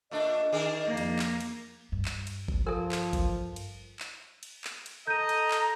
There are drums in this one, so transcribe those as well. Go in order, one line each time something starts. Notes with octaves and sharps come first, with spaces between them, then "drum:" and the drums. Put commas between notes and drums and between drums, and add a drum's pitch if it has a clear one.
A#2 A3 D4 D#5
D#3 D4 G#4
F2 A#3
drum: cymbal
drum: clap
drum: cymbal
G2
drum: clap
drum: cymbal
drum: kick G#1
F3 A4 A#4
drum: clap
drum: kick G#1, cymbal
drum: cymbal
drum: clap
drum: cymbal
drum: clap
drum: cymbal
A4 D#5 A#5 G6 D#7
drum: cymbal
drum: clap